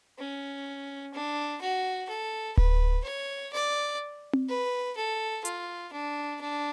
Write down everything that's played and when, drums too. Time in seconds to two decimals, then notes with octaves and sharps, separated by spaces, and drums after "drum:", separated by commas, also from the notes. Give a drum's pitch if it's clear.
0.19 C#4
1.14 D4
1.62 F#4
2.09 A4
2.57 B4, drum: kick D1
3.05 C#5
3.53 D5
4.33 drum: tom C4
4.49 B4
4.97 A4
5.45 F4, drum: hi-hat
5.93 D4
6.41 D4